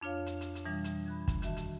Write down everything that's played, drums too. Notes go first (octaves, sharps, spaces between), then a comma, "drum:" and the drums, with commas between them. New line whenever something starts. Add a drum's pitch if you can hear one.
F2 D4 F4 C#5 F5
drum: hi-hat
drum: hi-hat
drum: hi-hat
F2 B2 E3 G3 D4
drum: hi-hat
B5 F#6 G#6
drum: kick, hi-hat
D#3 F#4 E5 A5, drum: hi-hat
drum: hi-hat